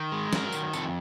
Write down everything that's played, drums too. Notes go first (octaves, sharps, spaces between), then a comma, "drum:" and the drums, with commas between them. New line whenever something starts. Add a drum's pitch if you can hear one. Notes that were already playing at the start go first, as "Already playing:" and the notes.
Already playing: D#3
G#3
F#3 A#4, drum: snare
D#3, drum: tambourine
F2 A4, drum: tambourine